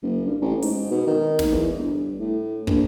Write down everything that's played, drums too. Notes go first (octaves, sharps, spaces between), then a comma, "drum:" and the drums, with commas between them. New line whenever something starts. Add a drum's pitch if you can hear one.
F#1
G2
A1
G#2, drum: open hi-hat
B2
D#3
drum: snare
E2
G1
A2
A#1, drum: kick